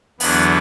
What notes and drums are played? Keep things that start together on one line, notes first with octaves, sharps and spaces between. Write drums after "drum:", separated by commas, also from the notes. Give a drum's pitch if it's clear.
E2 D3 F#3 B3, drum: open hi-hat